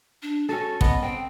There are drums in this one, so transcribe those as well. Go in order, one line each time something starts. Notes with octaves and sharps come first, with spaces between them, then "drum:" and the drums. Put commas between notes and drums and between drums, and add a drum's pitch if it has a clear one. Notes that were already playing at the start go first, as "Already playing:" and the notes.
D4
C#4 F#4 A4
B3 D#5, drum: kick
C4 G5